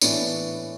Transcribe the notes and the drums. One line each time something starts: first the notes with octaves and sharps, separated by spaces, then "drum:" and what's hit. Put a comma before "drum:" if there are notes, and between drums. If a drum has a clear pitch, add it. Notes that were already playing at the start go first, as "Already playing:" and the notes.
A2 E3 B3 D4, drum: tambourine